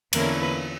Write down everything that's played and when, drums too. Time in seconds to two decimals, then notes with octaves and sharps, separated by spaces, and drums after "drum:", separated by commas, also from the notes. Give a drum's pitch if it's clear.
0.13 E2 D3 A#3 C#4 E4 A#4, drum: cymbal
0.41 B4